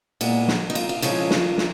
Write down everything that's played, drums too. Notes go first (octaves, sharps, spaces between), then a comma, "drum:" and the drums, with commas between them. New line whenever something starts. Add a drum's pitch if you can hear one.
A#2 G#3 B3, drum: cymbal
drum: snare
D#4
F4, drum: cymbal
F4
C#3 F3 G#3 C#4 F4, drum: cymbal
drum: snare
drum: snare